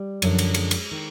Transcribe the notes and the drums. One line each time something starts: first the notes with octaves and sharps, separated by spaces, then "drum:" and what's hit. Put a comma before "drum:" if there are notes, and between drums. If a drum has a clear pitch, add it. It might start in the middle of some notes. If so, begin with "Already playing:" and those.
Already playing: G3
F#2 D3 F3, drum: cymbal
drum: cymbal
G#3, drum: cymbal
drum: cymbal
D#3